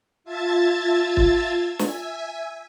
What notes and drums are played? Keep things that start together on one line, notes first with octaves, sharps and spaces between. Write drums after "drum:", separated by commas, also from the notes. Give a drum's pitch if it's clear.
F4 E5 A5 G#6 A6
drum: kick
E5 G#5, drum: snare